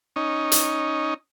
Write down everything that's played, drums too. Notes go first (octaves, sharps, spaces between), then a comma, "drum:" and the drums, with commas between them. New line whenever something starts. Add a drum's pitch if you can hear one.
C#4 D#4
drum: hi-hat